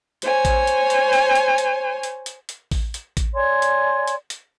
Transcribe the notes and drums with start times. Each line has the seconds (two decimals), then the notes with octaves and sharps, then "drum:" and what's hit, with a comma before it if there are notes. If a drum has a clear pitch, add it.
0.22 C5 C#5 G#5, drum: hi-hat
0.45 drum: kick A1, hi-hat
0.67 drum: hi-hat
0.90 drum: hi-hat
1.13 drum: open hi-hat
1.35 drum: hi-hat
1.58 drum: hi-hat
2.03 drum: hi-hat
2.26 drum: hi-hat
2.49 drum: hi-hat
2.71 drum: kick A1, open hi-hat
2.94 drum: hi-hat
3.17 drum: kick A1, hi-hat
3.34 C#5 D5 G#5 C6
3.62 drum: hi-hat
4.08 drum: hi-hat
4.30 drum: hi-hat